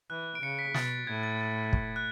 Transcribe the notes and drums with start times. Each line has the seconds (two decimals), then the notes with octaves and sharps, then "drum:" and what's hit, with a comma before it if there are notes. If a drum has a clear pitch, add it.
0.10 E3 F#6
0.35 D7
0.42 C#3 C#7
0.59 B6
0.74 B2 A6, drum: snare
1.07 A2 G#6
1.23 A6
1.41 A6
1.73 drum: kick
1.96 F#6